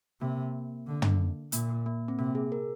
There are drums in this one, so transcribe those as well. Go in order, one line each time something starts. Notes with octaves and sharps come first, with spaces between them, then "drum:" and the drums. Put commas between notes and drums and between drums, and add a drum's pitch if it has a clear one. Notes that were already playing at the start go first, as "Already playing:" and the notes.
C3 A#3
D3
drum: tom
A#2 A#3, drum: hi-hat
A#3
C4
C3 A#3
G#4
A#4